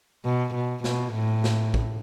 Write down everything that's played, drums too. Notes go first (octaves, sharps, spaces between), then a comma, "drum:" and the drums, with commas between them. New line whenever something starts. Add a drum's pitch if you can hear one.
B2
B2
B2, drum: snare
A2
drum: snare
drum: kick